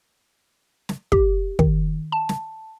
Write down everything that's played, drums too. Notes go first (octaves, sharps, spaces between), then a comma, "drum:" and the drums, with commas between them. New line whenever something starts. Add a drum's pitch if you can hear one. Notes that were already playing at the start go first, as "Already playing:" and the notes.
drum: snare
G4, drum: kick
D#3, drum: kick
A5
drum: snare